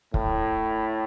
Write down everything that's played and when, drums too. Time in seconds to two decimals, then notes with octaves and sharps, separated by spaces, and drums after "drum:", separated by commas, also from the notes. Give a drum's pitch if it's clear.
0.14 A2, drum: kick